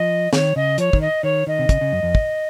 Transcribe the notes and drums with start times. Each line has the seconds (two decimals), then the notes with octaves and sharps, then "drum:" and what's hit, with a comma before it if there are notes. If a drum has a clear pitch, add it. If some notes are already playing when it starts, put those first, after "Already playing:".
Already playing: F3 D#5
0.33 D#3 C#5, drum: snare
0.56 C#3 D#5
0.78 F3 C#5, drum: hi-hat
0.93 D#3, drum: kick
1.01 D#5
1.23 D#3 C#5
1.47 D#3 D#5
1.59 C3
1.69 C#3, drum: kick, hi-hat
1.81 C#3
1.92 F#2
2.03 F2
2.15 drum: kick